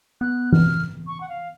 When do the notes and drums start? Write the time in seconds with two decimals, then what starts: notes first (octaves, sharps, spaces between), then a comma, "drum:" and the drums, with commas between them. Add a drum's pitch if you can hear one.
0.21 B3 F#6
0.52 F6, drum: tom E3
1.07 C#6
1.21 F#5
1.29 F5